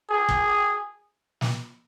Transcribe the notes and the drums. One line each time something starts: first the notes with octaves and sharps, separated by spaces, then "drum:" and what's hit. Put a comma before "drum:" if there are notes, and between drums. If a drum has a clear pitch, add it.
G#4
drum: kick
drum: snare